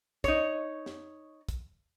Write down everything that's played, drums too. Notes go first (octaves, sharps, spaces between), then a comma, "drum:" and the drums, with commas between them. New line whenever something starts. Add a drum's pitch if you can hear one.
D#4 C#5, drum: kick, hi-hat
drum: snare
drum: kick, hi-hat